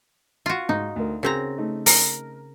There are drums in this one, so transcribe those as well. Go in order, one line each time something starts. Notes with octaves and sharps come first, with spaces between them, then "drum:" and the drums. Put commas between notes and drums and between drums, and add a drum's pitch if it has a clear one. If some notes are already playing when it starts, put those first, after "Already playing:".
F4 F#4
G#2 D#4
D2 A#4
C#3 C4 C#4 F#4 A#4 A#5
A3 D#4
A#4, drum: open hi-hat